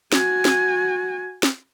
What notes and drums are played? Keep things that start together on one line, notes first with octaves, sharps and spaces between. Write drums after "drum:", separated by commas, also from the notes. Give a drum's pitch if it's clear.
F#4 G#5, drum: snare
drum: snare
drum: snare